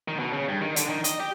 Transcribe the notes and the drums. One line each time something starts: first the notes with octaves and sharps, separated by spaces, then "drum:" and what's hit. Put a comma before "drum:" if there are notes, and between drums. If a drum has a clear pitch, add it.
D#3
B2
C#3
G2
D#3
D3, drum: hi-hat
D#3
D#5, drum: hi-hat
G4